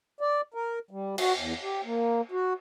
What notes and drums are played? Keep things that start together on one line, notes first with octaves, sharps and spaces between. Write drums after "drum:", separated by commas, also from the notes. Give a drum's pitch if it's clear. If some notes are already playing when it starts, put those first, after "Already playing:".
D5
A#4
G3
F#4, drum: cymbal
E2
G4
A#3
F#4